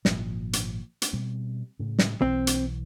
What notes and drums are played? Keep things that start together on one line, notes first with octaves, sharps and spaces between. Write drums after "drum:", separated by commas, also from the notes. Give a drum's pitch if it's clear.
G#1 A#2 F3, drum: snare
drum: hi-hat
drum: hi-hat
B2 G3 C4
A2 C#3
drum: snare
B1 E3 C4
drum: hi-hat